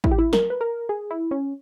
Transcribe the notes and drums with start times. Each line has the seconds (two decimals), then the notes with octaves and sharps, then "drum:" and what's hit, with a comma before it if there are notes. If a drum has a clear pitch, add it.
0.04 E4, drum: kick
0.11 G4
0.18 E4
0.33 A#4, drum: snare
0.50 B4
0.61 A#4
0.89 G#4
1.11 E4
1.31 C#4